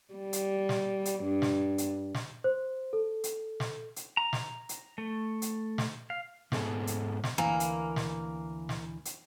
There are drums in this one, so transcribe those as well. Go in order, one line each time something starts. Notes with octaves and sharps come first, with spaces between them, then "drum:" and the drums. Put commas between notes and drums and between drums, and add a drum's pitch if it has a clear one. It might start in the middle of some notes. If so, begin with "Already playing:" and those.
G3
drum: hi-hat
drum: snare
drum: hi-hat
G2
drum: snare
drum: hi-hat
drum: snare
C5
A4
drum: hi-hat
drum: snare
drum: hi-hat
A#5
drum: snare
drum: hi-hat
A3
drum: hi-hat
drum: snare
F5
G#2 B3 G#4 A4, drum: snare
drum: hi-hat
drum: snare
D2 E3 A#3 G#5
drum: hi-hat
drum: snare
drum: snare
drum: hi-hat